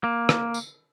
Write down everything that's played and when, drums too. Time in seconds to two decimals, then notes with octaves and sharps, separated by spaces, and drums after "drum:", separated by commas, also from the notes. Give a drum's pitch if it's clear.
0.04 A#3
0.29 drum: rim click
0.54 drum: tambourine